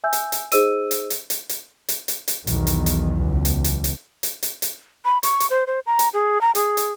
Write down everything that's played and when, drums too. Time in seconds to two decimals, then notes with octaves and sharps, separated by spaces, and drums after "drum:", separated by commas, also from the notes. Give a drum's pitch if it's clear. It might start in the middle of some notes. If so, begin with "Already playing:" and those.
0.04 E5 G#5 E6 G6
0.13 drum: hi-hat
0.32 drum: hi-hat
0.52 D#4 G#4 C5 D#5 E6 D#7, drum: hi-hat
0.91 drum: hi-hat
1.10 drum: hi-hat
1.30 drum: hi-hat
1.49 drum: hi-hat
1.88 drum: hi-hat
2.08 drum: hi-hat
2.28 drum: hi-hat
2.47 B1 E2 D#3, drum: hi-hat
2.67 drum: hi-hat
2.86 drum: hi-hat
3.19 C#2
3.45 drum: hi-hat
3.64 drum: hi-hat
3.84 drum: hi-hat
4.23 drum: hi-hat
4.43 drum: hi-hat
4.62 drum: hi-hat
5.05 B5
5.23 C#6, drum: hi-hat
5.40 drum: hi-hat
5.50 C5
5.67 C5
5.86 A#5
5.99 drum: hi-hat
6.13 G#4
6.41 A#5
6.55 G#4, drum: hi-hat
6.77 drum: hi-hat